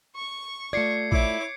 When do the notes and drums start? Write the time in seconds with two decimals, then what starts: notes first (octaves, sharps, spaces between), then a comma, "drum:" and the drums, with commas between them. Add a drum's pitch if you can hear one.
0.16 C#6
0.73 A3 F4 D5 G#6 C7 C#7
1.12 E4 C#5 D6, drum: kick